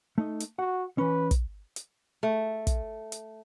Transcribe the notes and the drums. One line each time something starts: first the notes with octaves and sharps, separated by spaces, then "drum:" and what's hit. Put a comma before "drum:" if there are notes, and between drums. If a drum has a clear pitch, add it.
A3 D#4 D#5
drum: hi-hat
F#4 F#5
E3 C#4 B4
drum: kick, hi-hat
drum: hi-hat
A3
drum: kick, hi-hat
drum: hi-hat